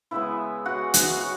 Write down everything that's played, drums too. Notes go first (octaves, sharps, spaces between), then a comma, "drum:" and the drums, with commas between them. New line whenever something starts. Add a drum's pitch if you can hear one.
C#3 G#3 B3 E4 E5
C#3 G#3 C#4 F#4 F#5
F#4 F#5, drum: hi-hat
C#4 F#4 F#5